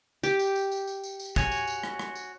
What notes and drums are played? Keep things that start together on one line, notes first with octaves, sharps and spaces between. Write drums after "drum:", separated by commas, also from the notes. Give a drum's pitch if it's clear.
G4, drum: tambourine
drum: tambourine
drum: tambourine
drum: tambourine
drum: tambourine
drum: tambourine
drum: tambourine
F#4 C#5 G#5, drum: kick, tambourine
drum: tambourine
drum: tambourine
drum: rim click
drum: rim click
drum: tambourine